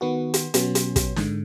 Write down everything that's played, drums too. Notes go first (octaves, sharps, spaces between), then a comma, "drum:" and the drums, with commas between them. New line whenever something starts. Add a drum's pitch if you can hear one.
D#3 B3 F#4
drum: hi-hat
B2 F#3 B3 C#4, drum: hi-hat
drum: hi-hat
drum: kick, hi-hat
G#2 D3, drum: snare